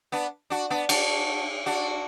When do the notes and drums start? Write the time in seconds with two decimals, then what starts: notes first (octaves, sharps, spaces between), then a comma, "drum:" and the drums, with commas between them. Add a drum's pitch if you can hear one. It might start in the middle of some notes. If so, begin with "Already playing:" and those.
0.12 B3 D4
0.50 D4 F#4
0.70 B3 D4
0.89 D4 F#4, drum: cymbal
1.66 D4 F#4